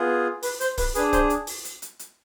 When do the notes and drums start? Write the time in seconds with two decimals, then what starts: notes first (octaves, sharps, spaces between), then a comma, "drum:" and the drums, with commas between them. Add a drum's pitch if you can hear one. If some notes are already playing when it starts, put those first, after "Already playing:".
Already playing: B3 F4 G#4
0.43 B4, drum: open hi-hat
0.61 C5, drum: hi-hat
0.78 B4, drum: kick, open hi-hat
0.95 D4 G#4 B4, drum: hi-hat
1.13 C5, drum: kick, hi-hat
1.30 drum: hi-hat
1.47 drum: open hi-hat
1.65 drum: hi-hat
1.82 drum: hi-hat
1.99 drum: hi-hat